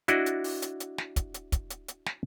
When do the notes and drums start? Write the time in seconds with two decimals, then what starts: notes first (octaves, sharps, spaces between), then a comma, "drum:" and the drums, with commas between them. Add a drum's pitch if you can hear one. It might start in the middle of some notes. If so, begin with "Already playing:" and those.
0.08 D4 E4 F#4 D5 D#5, drum: hi-hat
0.26 drum: hi-hat
0.44 drum: open hi-hat
0.62 drum: hi-hat
0.80 drum: hi-hat
0.98 drum: snare
1.16 drum: kick, hi-hat
1.34 drum: hi-hat
1.52 drum: kick, hi-hat
1.70 drum: hi-hat
1.88 drum: hi-hat
2.06 drum: snare